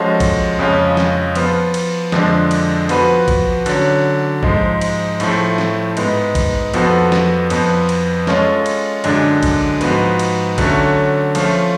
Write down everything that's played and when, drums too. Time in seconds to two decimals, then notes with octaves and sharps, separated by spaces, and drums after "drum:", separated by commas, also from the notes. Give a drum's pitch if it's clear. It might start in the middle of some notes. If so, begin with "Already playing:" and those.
Already playing: F3 G#3 C#4 F#4 A4
0.20 drum: kick A#1, cymbal
0.59 F2 C#3 G#3 C#4 F4
0.97 drum: snare
1.35 F3 B3 F4, drum: cymbal
1.74 drum: cymbal
2.12 F2 D3 F3 G#3 D4, drum: snare
2.51 drum: cymbal
2.89 F3 B3 F#4 B4, drum: cymbal
3.28 drum: kick A#1, cymbal
3.66 D3 F#3 C#4, drum: cymbal
4.43 G#2 F3 G#3, drum: kick A#1
4.81 drum: cymbal
5.20 A2 F3 A3, drum: cymbal
5.58 drum: snare
5.97 G#2 G#3 B3, drum: cymbal
6.35 drum: kick A#1, cymbal
6.74 F2 F3 B3 F#4 A4, drum: cymbal
7.12 drum: snare
7.50 F2 F3 B3, drum: cymbal
7.89 drum: cymbal
8.27 G#3 C#4 F4 A4 C#5, drum: snare
8.66 drum: cymbal
9.04 F#2 D3 G#3 D4, drum: cymbal
9.43 drum: kick A#1, cymbal
9.81 G#2 F3 B3 F#4 B4, drum: cymbal
10.19 drum: cymbal
10.58 D3 F#3 A3 C#4 F#4, drum: kick A#1, cymbal
11.35 F3 A3 C#4 F4, drum: cymbal